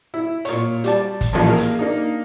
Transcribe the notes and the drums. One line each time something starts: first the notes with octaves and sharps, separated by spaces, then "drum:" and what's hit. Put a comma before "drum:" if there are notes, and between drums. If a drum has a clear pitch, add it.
E4
A#2 C#5, drum: hi-hat
G3 D5 A5, drum: hi-hat
drum: kick, hi-hat
A1 A#2 F3
A#3 G#4 A#4
drum: hi-hat
A#3 D4 D#4